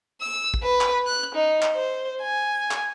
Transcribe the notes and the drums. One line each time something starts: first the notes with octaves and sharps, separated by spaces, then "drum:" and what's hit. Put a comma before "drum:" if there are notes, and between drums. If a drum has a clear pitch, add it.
E6
drum: kick
B4
drum: clap
F#6
D#4
drum: clap
C5
G#5
drum: clap